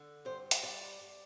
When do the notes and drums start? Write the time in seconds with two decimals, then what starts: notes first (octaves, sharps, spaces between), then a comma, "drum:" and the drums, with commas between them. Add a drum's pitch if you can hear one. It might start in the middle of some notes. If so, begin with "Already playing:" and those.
Already playing: D3
0.25 G2 C5
0.51 drum: hi-hat
0.63 G2 D5